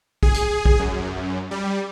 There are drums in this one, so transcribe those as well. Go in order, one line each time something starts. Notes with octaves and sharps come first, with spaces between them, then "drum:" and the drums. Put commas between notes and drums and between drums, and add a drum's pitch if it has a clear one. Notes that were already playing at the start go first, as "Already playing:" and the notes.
G#4, drum: kick
drum: hi-hat
drum: kick
F#2
G3